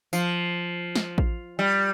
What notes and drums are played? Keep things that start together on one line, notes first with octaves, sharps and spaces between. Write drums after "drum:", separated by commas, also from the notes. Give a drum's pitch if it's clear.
F3, drum: tambourine
drum: snare
drum: kick A1
G3